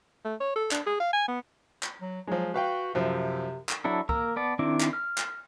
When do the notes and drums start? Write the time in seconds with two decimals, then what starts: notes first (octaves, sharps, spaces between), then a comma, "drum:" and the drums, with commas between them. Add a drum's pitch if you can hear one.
0.25 A3
0.40 C#5
0.56 A4
0.71 D4, drum: clap
0.86 G#4
1.00 F5
1.13 G#5
1.28 B3
1.83 drum: clap
2.02 F#3
2.27 F3 F#3 G#3
2.54 F#4 B4 F5 G5
2.95 F#2 C3 F3
3.69 drum: clap
3.85 F#3 D4 E4 A4
4.09 A#3 A#4 A#5 E6, drum: kick C#2
4.36 B3 D5 A5
4.59 D#3 C4 D4 E4 D6
4.80 drum: clap
4.93 F6
5.18 drum: clap